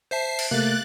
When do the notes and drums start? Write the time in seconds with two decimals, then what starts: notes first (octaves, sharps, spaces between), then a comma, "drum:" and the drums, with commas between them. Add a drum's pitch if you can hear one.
0.11 C5 E5 A5 C7
0.39 drum: cymbal
0.51 C3 A3 A#3 F#6 A6